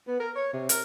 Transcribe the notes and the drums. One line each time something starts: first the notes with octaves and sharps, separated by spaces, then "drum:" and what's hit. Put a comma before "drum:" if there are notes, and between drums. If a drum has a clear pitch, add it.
B3
A#4
C#5
C3
A#4, drum: hi-hat